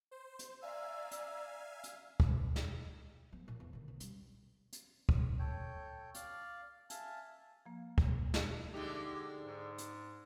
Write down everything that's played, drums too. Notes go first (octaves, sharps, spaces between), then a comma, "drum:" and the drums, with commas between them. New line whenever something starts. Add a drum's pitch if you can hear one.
C5
drum: hi-hat
D5 E5 F5 G#5 A#5 E6
drum: hi-hat
drum: hi-hat
drum: kick
drum: snare
F3 B3
A#2 F3
E2
D3 D#3
B1
G3, drum: hi-hat
drum: hi-hat
drum: kick
A4 C#5 G5
D5 F5, drum: hi-hat
E5 F5 G#5 A5, drum: hi-hat
F3 A#3
drum: kick
drum: snare
D3 G#3 A3 D#4 G4
G#2
drum: hi-hat